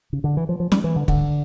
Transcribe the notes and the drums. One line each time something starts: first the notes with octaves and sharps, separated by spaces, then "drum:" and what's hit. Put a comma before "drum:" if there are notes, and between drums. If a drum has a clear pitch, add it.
C#3
D3
E3
F3
F3
G3, drum: snare
E3
D3
D3, drum: kick